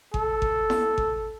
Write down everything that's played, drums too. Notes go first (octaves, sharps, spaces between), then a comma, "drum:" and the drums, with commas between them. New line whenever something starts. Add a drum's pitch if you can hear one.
A4, drum: kick G#1
drum: kick G#1
drum: snare E4
drum: kick G#1